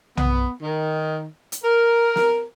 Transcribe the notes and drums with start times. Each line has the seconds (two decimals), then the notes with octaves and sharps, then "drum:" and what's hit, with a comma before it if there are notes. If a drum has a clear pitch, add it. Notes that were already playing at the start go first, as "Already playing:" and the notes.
0.17 B3, drum: tom B1
0.62 D#3
1.52 drum: hi-hat
1.63 A#4
2.16 drum: snare